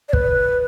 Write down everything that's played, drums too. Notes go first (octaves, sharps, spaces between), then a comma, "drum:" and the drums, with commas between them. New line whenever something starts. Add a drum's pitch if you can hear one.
D5
B4, drum: kick